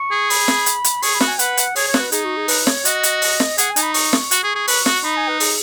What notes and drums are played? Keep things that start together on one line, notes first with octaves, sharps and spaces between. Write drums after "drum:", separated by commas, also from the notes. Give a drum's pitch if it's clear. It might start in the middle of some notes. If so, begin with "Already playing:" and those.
Already playing: C#6
G#4
B5, drum: open hi-hat
drum: snare
drum: hi-hat
drum: hi-hat
G#4 C#6, drum: open hi-hat
B5
F#4, drum: snare
G#5
B4 F#5, drum: hi-hat
drum: hi-hat
G#4 C#5, drum: open hi-hat
C#5
F#4, drum: snare
B4
D#4 G#4, drum: hi-hat
F#4
G#4
B4, drum: open hi-hat
C#5, drum: snare
F#4 D#5, drum: hi-hat
drum: hi-hat
drum: open hi-hat
drum: snare
G#4 F#5, drum: hi-hat
G#5
D#4, drum: hi-hat
B5
C#6, drum: open hi-hat
drum: snare
F#4, drum: hi-hat
G#4
G#4
B4, drum: open hi-hat
F#4, drum: snare
D#4 B5
G#5
B4
G#4, drum: open hi-hat